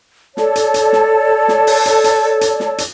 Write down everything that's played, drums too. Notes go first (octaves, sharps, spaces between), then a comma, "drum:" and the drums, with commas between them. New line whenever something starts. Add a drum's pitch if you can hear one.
A4 C#5 D5 A5, drum: snare
drum: hi-hat
drum: hi-hat
drum: snare
drum: snare
drum: open hi-hat
drum: hi-hat
drum: hi-hat
drum: hi-hat
drum: snare
drum: hi-hat